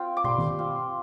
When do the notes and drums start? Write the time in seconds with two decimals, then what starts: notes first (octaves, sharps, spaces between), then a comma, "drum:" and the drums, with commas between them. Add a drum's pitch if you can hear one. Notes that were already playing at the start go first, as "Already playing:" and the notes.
Already playing: C4 F4 G5
0.17 D6
0.24 G3 C6, drum: tom
0.38 drum: tom D#3
0.59 C4 F4